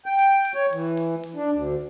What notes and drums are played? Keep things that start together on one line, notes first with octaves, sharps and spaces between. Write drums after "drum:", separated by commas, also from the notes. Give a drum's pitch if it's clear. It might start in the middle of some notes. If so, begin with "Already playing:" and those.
G5
drum: hi-hat
drum: hi-hat
C#5
E3, drum: hi-hat
drum: hi-hat
drum: hi-hat
D4
D2